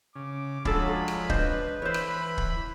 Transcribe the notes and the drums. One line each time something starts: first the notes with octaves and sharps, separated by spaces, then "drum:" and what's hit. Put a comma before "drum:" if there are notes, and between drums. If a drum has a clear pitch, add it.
C#3 D6
F3 F#3 G#3 D4 A4 B5, drum: kick
drum: rim click
D4 B4 C5 D#5, drum: kick
E3 C5 C#5 B5
drum: rim click
drum: kick